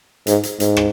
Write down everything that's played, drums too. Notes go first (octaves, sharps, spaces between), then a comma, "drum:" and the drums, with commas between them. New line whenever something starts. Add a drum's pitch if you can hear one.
G#2, drum: hi-hat
drum: hi-hat
G#2, drum: hi-hat
drum: rim click